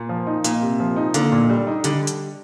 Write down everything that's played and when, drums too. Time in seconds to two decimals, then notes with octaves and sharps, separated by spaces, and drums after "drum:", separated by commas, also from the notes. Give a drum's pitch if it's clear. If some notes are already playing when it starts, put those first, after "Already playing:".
Already playing: A#2
0.09 F3
0.27 D#4
0.44 A#2 A#3, drum: hi-hat
0.62 C3
0.80 F3
0.96 D#4
1.14 D3 A#3, drum: hi-hat
1.32 A#2
1.50 G3
1.67 D#4
1.84 D3 G3, drum: hi-hat
2.07 drum: hi-hat